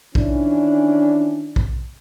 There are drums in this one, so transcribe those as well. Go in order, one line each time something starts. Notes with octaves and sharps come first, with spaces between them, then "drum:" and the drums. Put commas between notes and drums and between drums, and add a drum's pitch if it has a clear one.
D#3 E3 C#4 D4, drum: kick
drum: kick